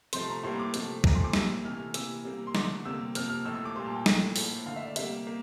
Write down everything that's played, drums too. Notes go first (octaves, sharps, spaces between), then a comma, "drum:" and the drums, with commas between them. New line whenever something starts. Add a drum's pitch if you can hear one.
C3 F3 A3 C6, drum: hi-hat
A#5
A2 G3 A#3 C6
D6
C3 F3 A3, drum: hi-hat
A#2 F3 A3 A#5, drum: kick
C6
D6
A2 G3 A#3 E6, drum: snare
C3 E3 A3 F6
F6
C3 E3 A#3 E6, drum: hi-hat
C3 G3 A#3
C6
D3 A3 D6, drum: snare
C3 G3 A#3 E6
C3 F3 A#3 F6, drum: hi-hat
F6
A2 F3 A3 E6
E6
D6
A#2 G3 A#3 C6
A5
G5
A#2 A3, drum: snare
A2 F3 A#3, drum: open hi-hat
D3 A3 F5
E5
D5
C3 G3 A#3 E5, drum: hi-hat
A#3